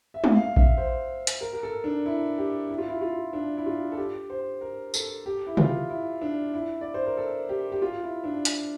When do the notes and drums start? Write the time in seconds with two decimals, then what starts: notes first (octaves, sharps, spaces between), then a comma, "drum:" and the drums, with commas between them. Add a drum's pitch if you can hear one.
0.14 E5
0.24 drum: tom
0.35 F5
0.56 E5, drum: kick A#1
0.78 C5
1.27 drum: hi-hat
1.41 A#4
1.53 A#4
1.63 A4
1.84 D4
2.06 E4
2.38 G4
2.69 E4
2.78 F4
2.88 E4
3.01 F4
3.33 D4
3.57 E4
3.66 F4
3.92 A4
3.97 G4
4.30 C5
4.61 A#4
4.94 A4, drum: tambourine
5.26 G4
5.47 E4
5.57 F4, drum: tom
5.90 E4
6.22 D4
6.54 E4
6.81 D5
6.94 C5
7.06 A#4
7.17 A4
7.49 G4
7.72 G4
7.82 F4
8.03 E4
8.24 D4
8.45 drum: hi-hat